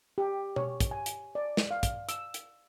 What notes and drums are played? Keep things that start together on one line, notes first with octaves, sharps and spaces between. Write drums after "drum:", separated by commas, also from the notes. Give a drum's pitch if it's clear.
G4
C#5, drum: tom B2
drum: kick, hi-hat
G#5
drum: hi-hat
D5
drum: snare
F5
drum: kick, hi-hat
E6, drum: hi-hat
drum: hi-hat